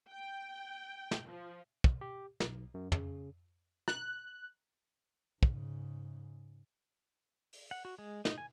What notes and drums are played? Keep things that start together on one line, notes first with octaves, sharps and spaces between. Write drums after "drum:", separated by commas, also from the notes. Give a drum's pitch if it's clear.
G5
drum: snare
F3
drum: kick
G4
B1, drum: snare
F#2
C#3, drum: tom
F#6, drum: rim click
G#2 C#3, drum: kick
drum: open hi-hat
F#5
F#4
G#3
D#4, drum: snare
G#5